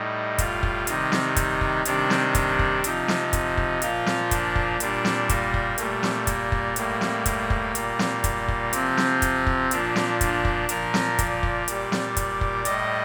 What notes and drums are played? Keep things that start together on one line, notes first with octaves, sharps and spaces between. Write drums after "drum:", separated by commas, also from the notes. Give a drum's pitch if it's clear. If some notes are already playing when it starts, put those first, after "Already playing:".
Already playing: A2 G3 D#4
F4, drum: kick, hi-hat
drum: kick
C3 D#3 G3 D#4, drum: hi-hat
drum: snare
drum: kick, hi-hat
drum: kick
C3 D#3 G3 D4, drum: hi-hat
drum: snare
drum: kick, hi-hat
drum: kick
C3 F3 D#4, drum: hi-hat
drum: snare
drum: kick, hi-hat
drum: kick
A#2 F3 F4, drum: hi-hat
drum: snare
D4, drum: kick, hi-hat
drum: kick
A#2 G3 D4, drum: hi-hat
drum: snare
A#3, drum: kick, hi-hat
drum: kick
A#2 G3 A3, drum: hi-hat
drum: snare
A#3, drum: kick, hi-hat
drum: kick
A2 G3 A#3, drum: hi-hat
drum: snare
drum: kick, hi-hat
drum: kick
A#2 G3, drum: hi-hat
drum: snare
drum: kick, hi-hat
drum: kick
C3 F3 C4, drum: hi-hat
drum: snare
drum: kick, hi-hat
drum: kick
A#2 F3 D4, drum: hi-hat
drum: snare
D4, drum: kick, hi-hat
drum: kick
A#2 F3 A#4, drum: hi-hat
drum: snare
D5, drum: kick, hi-hat
drum: kick
A#2 G3, drum: hi-hat
drum: snare
drum: kick, hi-hat
drum: kick
A2 G3 D#5, drum: hi-hat